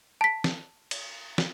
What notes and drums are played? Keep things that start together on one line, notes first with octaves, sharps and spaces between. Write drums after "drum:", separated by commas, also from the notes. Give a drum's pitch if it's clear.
A5 B6
drum: snare
drum: cymbal
drum: snare